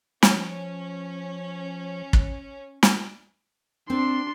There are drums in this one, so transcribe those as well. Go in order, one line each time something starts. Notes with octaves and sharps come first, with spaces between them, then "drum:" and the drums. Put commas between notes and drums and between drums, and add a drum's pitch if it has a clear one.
F3 C#4, drum: snare
drum: kick
drum: snare
C4 D4 C6